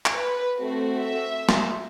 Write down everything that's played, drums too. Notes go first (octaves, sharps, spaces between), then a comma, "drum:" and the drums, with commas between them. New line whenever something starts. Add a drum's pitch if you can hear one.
drum: clap
B4
A3 C4 F#4
E5
drum: snare